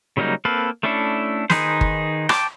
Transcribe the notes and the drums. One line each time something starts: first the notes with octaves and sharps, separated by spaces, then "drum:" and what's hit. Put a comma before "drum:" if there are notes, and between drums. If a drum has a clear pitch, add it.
C#3 F#3 G3 A#3 D#4
A#3 C4 A4 B4 F5
A3 C#4 D4 E4 A4
D#3 D#4 G#4 B4 C5, drum: snare
drum: kick G1
G5 A5 D6, drum: rim click